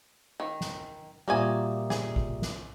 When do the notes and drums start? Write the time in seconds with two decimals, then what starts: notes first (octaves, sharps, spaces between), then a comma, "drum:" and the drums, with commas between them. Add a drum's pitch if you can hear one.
0.40 D#3
0.61 drum: snare
1.28 A#2 G3 A#3 F4 F#4 E5 G#5 D#6
1.90 G#4, drum: snare
2.16 drum: kick
2.42 drum: snare